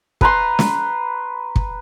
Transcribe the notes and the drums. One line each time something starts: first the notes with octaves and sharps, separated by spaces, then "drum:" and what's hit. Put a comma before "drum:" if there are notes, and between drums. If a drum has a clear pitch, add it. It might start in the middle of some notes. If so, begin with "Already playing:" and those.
B4 A#5 C6, drum: kick
drum: snare
drum: kick